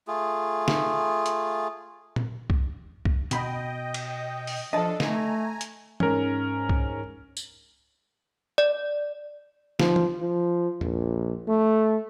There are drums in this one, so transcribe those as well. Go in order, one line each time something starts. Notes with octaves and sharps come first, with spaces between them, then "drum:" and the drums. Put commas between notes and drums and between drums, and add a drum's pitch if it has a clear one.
A3 F4 G#4
drum: snare
drum: hi-hat
drum: tom
drum: kick C2
drum: kick C2
B2 D#5 G5 B5, drum: hi-hat
drum: cymbal
drum: open hi-hat
F3 D4 A4 D#5 A5
A3 G#5 A#5, drum: snare
drum: hi-hat
G#2 C#4 A#4, drum: tom
drum: kick C2
drum: tambourine
D5
F3, drum: snare
drum: tom
F3
A#1, drum: tom E2
A3